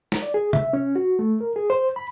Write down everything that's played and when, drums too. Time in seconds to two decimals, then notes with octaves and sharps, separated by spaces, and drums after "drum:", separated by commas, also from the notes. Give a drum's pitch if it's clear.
0.12 drum: snare
0.22 D5
0.34 G#4
0.53 E5, drum: tom C3
0.73 C#4
0.96 F#4
1.19 A3
1.41 A#4
1.56 G#4
1.70 C5
1.96 B5